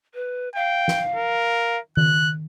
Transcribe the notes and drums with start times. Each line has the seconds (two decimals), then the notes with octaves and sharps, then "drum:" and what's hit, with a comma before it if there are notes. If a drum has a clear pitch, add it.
0.14 B4
0.55 F5 G5
0.88 drum: snare
1.16 A#4
1.97 F#6, drum: tom D#3